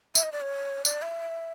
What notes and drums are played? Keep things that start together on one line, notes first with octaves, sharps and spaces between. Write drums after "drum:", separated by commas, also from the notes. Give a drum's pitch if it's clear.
E5, drum: tambourine
D#5
D5
C#5
D5, drum: tambourine
E5